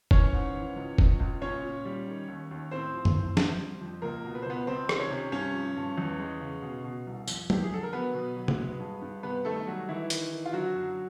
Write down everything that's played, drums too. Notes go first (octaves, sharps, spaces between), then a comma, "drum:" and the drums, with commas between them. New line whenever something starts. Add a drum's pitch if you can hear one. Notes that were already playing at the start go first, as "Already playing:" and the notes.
E3 C#4 C#5, drum: kick F1
G#2
E3
C#2
C#2, drum: kick F1
C#2
A#2 C#4 C#5
A#2
G3
D#3
D#2
D#2
A2 C4 C5
F3
drum: tom F#2
A2
F2, drum: snare
G3
F2
C#2 A#3 A#4
B2
B4
C5
C#2 B3 B4
C#2 C4 C5
D#3, drum: rim click
C#4 C#5
C3
G2 C#4 C#5
F3
G2
E2
G#3
C#3
B2
B2
C2
F2, drum: tambourine
F2 G4, drum: tom F#3
G#4
D3 A4
A#4
F#3 B3 B4
B2
F#3
drum: tom C3
G#3
G2
G2
C3 B3 B4
D#3 A3 A4
F#3 G3 F#4
D#3 E3 E4
D#3, drum: hi-hat
D#3
F4
D3 F#3 F#4
F#2